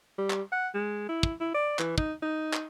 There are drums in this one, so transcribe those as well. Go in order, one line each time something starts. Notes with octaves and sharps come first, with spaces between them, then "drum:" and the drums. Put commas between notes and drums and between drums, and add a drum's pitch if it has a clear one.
G3
drum: clap
F#5
G#3
E4
drum: kick
E4
D5
E3, drum: clap
D#4, drum: kick
D#4
drum: clap